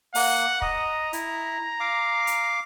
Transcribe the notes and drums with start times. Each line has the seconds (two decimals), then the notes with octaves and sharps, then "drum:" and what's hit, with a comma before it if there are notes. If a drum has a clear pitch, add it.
0.15 A#3 F#5, drum: open hi-hat
0.62 D#5 A#5, drum: kick
1.13 E4, drum: hi-hat
1.80 F5 D6
2.27 drum: hi-hat